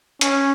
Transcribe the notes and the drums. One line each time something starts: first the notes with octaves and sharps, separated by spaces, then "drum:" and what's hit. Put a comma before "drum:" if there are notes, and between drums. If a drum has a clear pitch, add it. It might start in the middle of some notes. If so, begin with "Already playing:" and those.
C#4, drum: hi-hat